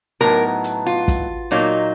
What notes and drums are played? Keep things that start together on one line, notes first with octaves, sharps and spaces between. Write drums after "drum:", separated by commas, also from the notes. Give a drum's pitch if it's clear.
A2 F#3 B3 D#4 A#4
drum: hi-hat
F4
drum: kick, hi-hat
A#2 F#3 A#3 D#4, drum: hi-hat